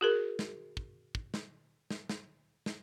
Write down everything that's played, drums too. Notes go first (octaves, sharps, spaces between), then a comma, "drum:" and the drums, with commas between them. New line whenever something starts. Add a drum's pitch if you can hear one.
F#4 G#4 A#4
drum: snare
drum: kick
drum: kick
drum: snare
drum: snare
drum: snare
drum: snare